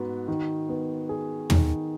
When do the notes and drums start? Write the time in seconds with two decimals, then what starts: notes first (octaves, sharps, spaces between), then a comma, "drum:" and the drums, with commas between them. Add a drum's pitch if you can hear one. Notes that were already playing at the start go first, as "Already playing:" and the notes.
Already playing: G#2 B3 F#4
0.28 D#3
0.69 B3
1.09 G#4
1.50 D#3, drum: tom